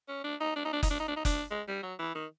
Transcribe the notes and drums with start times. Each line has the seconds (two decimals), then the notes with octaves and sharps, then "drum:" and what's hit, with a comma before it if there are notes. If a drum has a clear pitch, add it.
0.08 C#4
0.24 D4
0.40 D#4
0.56 D4
0.65 D#4
0.73 D4
0.83 D#4, drum: kick F#1, hi-hat
0.90 D4
1.00 D#4
1.08 D4
1.16 D#4
1.25 D4, drum: kick F#1, hi-hat
1.51 G#3
1.68 G3
1.83 F#3
1.99 E3
2.15 D#3